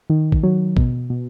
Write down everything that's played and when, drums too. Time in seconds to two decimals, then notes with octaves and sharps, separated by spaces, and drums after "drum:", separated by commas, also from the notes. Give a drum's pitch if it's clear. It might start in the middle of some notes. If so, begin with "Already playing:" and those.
0.10 D#3
0.32 drum: kick
0.43 F#3
0.77 B2, drum: kick
1.10 B2